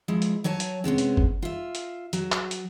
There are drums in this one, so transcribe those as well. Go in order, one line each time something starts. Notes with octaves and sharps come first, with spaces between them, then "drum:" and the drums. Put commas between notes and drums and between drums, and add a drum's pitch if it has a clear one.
F3 G#3 E4
drum: hi-hat
F#3 C#5 G#5 A5
drum: hi-hat
C3 G#3 B3 C#4
drum: hi-hat
drum: kick F#1
F4 E5
drum: hi-hat
F#3, drum: hi-hat
drum: clap
drum: hi-hat